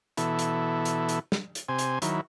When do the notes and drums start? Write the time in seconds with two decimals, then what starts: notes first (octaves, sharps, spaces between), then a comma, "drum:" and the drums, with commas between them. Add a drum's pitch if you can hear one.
0.17 B2 E3 E4 A4, drum: hi-hat
0.39 drum: hi-hat
0.85 drum: hi-hat
1.09 drum: hi-hat
1.32 drum: snare
1.55 drum: hi-hat
1.69 C3 C5 G#5
1.79 drum: hi-hat
2.02 D#3 F#3 E4, drum: hi-hat